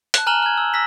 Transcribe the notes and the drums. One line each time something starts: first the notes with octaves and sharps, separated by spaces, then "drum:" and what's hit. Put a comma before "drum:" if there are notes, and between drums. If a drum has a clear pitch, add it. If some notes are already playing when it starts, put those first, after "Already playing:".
A5 F#6, drum: hi-hat
G#5 A#5 F6 E7 F#7 G7
F6 G#6
E6
E6 A#6 B6